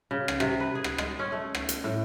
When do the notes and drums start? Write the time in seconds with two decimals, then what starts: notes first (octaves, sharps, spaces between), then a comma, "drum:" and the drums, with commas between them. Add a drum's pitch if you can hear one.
0.11 C#3
0.28 drum: rim click
0.40 C3, drum: rim click
0.60 B4
0.75 G#4
0.84 drum: rim click
0.98 G#3, drum: rim click
1.19 C#4
1.32 A3
1.55 drum: rim click
1.69 drum: hi-hat
1.84 A2